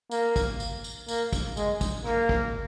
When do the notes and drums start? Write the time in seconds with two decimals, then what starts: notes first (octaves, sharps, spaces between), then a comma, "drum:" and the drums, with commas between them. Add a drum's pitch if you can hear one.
0.11 A#3, drum: tambourine
0.36 drum: kick, tambourine
0.60 drum: tambourine
0.84 drum: tambourine
1.08 A#3, drum: tambourine
1.33 drum: kick, tambourine
1.57 G#3, drum: tambourine
1.81 drum: kick, tambourine
2.05 A#3, drum: rim click
2.29 drum: kick